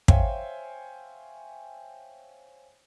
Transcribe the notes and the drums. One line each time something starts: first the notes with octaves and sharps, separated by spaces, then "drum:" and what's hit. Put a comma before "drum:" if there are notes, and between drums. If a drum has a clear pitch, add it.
C5 C#5 E5 F5 G5 G#5, drum: kick